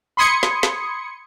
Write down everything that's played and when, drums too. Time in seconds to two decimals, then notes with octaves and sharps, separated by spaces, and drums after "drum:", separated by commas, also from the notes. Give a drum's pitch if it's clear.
0.17 B5 C6 D#6 G#6 C#7
0.43 drum: snare
0.63 drum: snare